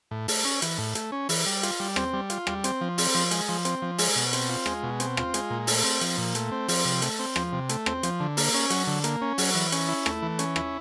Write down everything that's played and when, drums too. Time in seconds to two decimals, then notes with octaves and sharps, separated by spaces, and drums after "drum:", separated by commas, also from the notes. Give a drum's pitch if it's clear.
0.11 A2
0.28 A3, drum: open hi-hat
0.45 C#4
0.62 E3, drum: hi-hat
0.78 A2
0.95 A3, drum: hi-hat
1.12 C#4
1.29 E3, drum: open hi-hat
1.46 G3
1.63 F4, drum: hi-hat
1.80 G3
1.96 C4, drum: rim click
2.13 G3
2.30 F4, drum: hi-hat
2.47 G3, drum: rim click
2.64 C4, drum: hi-hat
2.81 F3
2.98 C4, drum: open hi-hat
3.15 F3
3.31 G#3, drum: hi-hat
3.49 F3
3.65 C4, drum: hi-hat
3.82 F3
3.98 G#3, drum: open hi-hat
4.16 B2
4.33 C4, drum: hi-hat
4.49 F4
4.66 G#3, drum: rim click
4.83 B2
5.00 C4, drum: hi-hat
5.17 F4, drum: rim click
5.34 G#3, drum: hi-hat
5.50 A#2
5.67 A3, drum: open hi-hat
5.84 C4
6.01 F3, drum: hi-hat
6.18 A#2
6.35 A3, drum: hi-hat
6.52 C4
6.68 F3, drum: open hi-hat
6.85 C3
7.02 A3, drum: hi-hat
7.19 C4
7.36 F3, drum: rim click
7.53 C3
7.69 A3, drum: hi-hat
7.86 C4, drum: rim click
8.03 F3, drum: hi-hat
8.20 D3
8.37 A#3, drum: open hi-hat
8.54 C#4
8.70 F#3, drum: hi-hat
8.87 D3
9.04 A#3, drum: hi-hat
9.21 C#4
9.38 F#3, drum: open hi-hat
9.55 E3
9.72 C#4, drum: hi-hat
9.88 E4
10.06 A3, drum: rim click
10.22 E3
10.39 C#4, drum: hi-hat
10.56 E4, drum: rim click